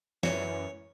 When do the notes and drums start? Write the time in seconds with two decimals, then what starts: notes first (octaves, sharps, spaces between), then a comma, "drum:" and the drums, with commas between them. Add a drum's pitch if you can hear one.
0.23 F#2 E3 C#5, drum: snare